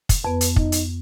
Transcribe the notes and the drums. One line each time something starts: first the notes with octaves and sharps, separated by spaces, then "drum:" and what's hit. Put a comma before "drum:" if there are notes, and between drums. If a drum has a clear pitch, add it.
drum: kick, hi-hat
F2 B3 B4
drum: hi-hat
D#4, drum: kick
drum: hi-hat